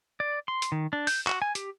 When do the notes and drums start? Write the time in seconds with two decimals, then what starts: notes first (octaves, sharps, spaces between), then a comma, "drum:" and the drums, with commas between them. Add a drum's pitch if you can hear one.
0.20 D5
0.48 C6
0.62 drum: hi-hat
0.72 D#3
0.93 D4
1.07 G6, drum: open hi-hat
1.27 F#4, drum: clap
1.42 G#5
1.55 G4, drum: hi-hat